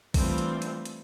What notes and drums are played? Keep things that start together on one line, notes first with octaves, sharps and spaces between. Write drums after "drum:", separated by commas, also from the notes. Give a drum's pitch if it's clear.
E3 G3 A3 C4 D4 F4, drum: kick A#1, open hi-hat
drum: hi-hat
drum: hi-hat
drum: hi-hat